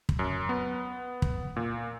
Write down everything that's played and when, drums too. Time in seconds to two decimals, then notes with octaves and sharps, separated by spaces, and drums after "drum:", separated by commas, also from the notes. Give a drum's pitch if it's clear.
0.09 drum: kick
0.19 F#2
0.49 B3
1.22 drum: kick
1.56 A#2